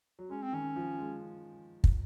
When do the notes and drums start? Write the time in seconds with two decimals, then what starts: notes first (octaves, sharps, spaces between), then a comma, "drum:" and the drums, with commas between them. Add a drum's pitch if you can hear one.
0.19 F#3
0.30 G#3 C#4
0.42 C4
0.52 D#3 C#4
0.76 F3
0.99 G#3
1.84 drum: kick